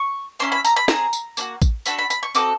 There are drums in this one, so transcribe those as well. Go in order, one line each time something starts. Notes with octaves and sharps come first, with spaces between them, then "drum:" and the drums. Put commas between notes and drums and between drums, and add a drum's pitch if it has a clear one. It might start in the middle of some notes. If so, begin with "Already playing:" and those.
Already playing: C#6
A#3 C#4 E4 C6
B5
A#5, drum: tambourine
B5
C4 E4 G#4 A#5, drum: snare
drum: tambourine
A#3 D4 F#4, drum: tambourine
drum: kick A1, tambourine
A3 D4 F#4 A4 B5, drum: tambourine
B5
B5, drum: tambourine
C#6
C4 D#4 F#4 A4 D6, drum: tambourine